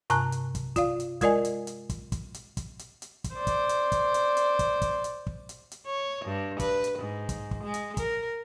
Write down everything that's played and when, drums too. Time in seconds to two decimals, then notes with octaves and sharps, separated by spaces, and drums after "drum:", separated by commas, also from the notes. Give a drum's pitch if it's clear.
0.10 G2 C3 A5 A#5 F#6, drum: hi-hat
0.32 drum: hi-hat
0.55 drum: kick, hi-hat
0.76 F4 D5 F5, drum: kick, hi-hat
1.00 drum: hi-hat
1.21 G#3 F4 A#4 D5 D#5 G#5, drum: kick, hi-hat
1.45 drum: hi-hat
1.67 drum: hi-hat
1.90 drum: kick, hi-hat
2.12 drum: kick, hi-hat
2.34 drum: hi-hat
2.57 drum: kick, hi-hat
2.79 drum: hi-hat
3.02 drum: hi-hat
3.24 drum: kick, hi-hat
3.34 C5 D5
3.47 drum: kick, hi-hat
3.69 drum: hi-hat
3.92 drum: kick, hi-hat
4.14 drum: hi-hat
4.37 drum: hi-hat
4.59 drum: kick, hi-hat
4.82 drum: kick, hi-hat
5.04 drum: hi-hat
5.27 drum: kick
5.49 drum: hi-hat
5.71 drum: hi-hat
5.86 C#5
6.25 G2
6.60 B4, drum: kick, hi-hat
6.84 drum: hi-hat
6.99 G#2
7.29 drum: kick, hi-hat
7.51 drum: kick
7.63 G#3
7.74 drum: hi-hat
7.97 A#4, drum: kick, hi-hat